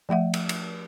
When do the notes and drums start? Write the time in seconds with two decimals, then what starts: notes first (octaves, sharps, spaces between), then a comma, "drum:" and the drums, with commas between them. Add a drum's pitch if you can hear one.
0.09 F3 A3 E5 F#5
0.34 drum: cymbal
0.49 drum: cymbal